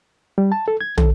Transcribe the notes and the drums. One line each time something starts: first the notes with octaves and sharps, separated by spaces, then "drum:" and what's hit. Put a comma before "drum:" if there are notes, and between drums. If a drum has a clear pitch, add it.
G3
A5
A4
G#6
A4, drum: tom